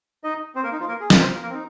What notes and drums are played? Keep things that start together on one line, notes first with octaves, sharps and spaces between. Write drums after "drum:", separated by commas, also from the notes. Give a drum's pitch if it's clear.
D#4 D#5
C4 C5
A#3 A#4
D#4
F3 F4
A#3 A#4
G#4
A#4, drum: snare
C4 C5
A#3 A#4
A#3 A#4
C4
D#4